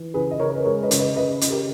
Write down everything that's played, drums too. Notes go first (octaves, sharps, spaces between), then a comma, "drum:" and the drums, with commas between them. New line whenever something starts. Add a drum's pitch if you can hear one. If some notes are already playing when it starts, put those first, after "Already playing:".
Already playing: E3
C#3 G#4 B4
D#5
C#3 A#4 C#5
B4
G#3 A#4 C#5
B4 D#5
C#3 C#5, drum: hi-hat
B4 D#5
C#3 B4 D#5
C#3, drum: hi-hat
G4 A#4